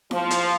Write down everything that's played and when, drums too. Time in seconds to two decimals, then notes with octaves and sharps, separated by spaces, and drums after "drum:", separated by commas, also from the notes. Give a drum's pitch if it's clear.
0.11 F3, drum: snare E4
0.30 drum: hi-hat